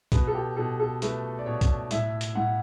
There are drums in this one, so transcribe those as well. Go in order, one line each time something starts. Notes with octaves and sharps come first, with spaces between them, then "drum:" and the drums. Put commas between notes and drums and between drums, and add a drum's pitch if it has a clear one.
B2 B4, drum: kick A#1, hi-hat
A4
G4
B2 A4
A4
A3 B4, drum: hi-hat
D5
B2 C#5
drum: kick A#1, hi-hat
A2 E5, drum: hi-hat
drum: hi-hat
A2 F#5